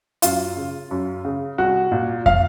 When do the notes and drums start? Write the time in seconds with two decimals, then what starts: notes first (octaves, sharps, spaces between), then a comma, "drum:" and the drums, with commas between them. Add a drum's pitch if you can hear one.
0.22 F#2 F4, drum: hi-hat
0.57 C#3
0.91 F#2
1.25 C#3
1.58 C2 F#4
1.92 A#2
2.26 F5, drum: kick